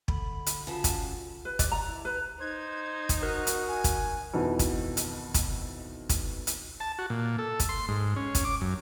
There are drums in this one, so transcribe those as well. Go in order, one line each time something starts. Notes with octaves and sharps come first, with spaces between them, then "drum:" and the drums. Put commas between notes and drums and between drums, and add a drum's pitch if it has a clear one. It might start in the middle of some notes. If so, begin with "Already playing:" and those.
D3 B5, drum: kick
drum: hi-hat
C#3 F3 F#4 A5
drum: kick, hi-hat
B4
D5, drum: kick, hi-hat
A#5
E4
B4
D#4 C5 G#6
drum: kick, hi-hat
F#4 A#4 F#6
drum: hi-hat
G#5
drum: kick, hi-hat
F2 B2 D#3 E3
drum: kick, hi-hat
drum: hi-hat
drum: kick, hi-hat
drum: kick, hi-hat
drum: hi-hat
A5
F#4
A#2
A4
drum: kick, hi-hat
C6
G#2
C#4
drum: kick, hi-hat
D6
F#2